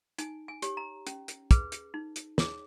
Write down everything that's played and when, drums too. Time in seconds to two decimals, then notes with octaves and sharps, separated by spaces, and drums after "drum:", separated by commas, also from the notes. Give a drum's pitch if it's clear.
0.18 D#4 G#5, drum: hi-hat
0.48 G#5
0.62 G4 C#5, drum: hi-hat
0.77 A#5
1.07 C#4, drum: hi-hat
1.28 drum: hi-hat
1.51 G#4 B4, drum: kick, hi-hat
1.72 drum: hi-hat
1.94 D#4
2.16 drum: hi-hat
2.38 G#4 C#5, drum: snare